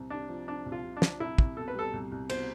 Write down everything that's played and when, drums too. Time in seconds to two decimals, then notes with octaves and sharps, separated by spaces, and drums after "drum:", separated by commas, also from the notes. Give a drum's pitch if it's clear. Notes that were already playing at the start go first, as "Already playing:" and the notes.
Already playing: C2 C4
0.10 C3 D4
0.29 F3
0.47 C4 D4
0.66 C2
0.72 F4
0.84 C3
0.97 D4
1.02 F3, drum: snare
1.20 C2 E4
1.38 C2, drum: kick
1.56 B2 A4
1.68 B4
1.75 G3 A4
1.93 C2
2.12 C2
2.30 B2 C5, drum: cymbal